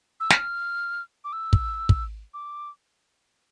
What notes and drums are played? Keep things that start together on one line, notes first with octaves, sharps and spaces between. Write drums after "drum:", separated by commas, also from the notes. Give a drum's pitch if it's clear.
E6
F6, drum: snare
D6
E6
drum: kick
drum: kick
D6